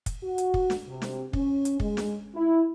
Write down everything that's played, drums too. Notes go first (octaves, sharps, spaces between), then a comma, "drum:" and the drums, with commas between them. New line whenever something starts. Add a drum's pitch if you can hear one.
drum: kick, hi-hat
F#4
drum: hi-hat
drum: kick
drum: snare
C3
drum: snare
C#4, drum: kick
drum: hi-hat
G#3, drum: kick
drum: snare
E4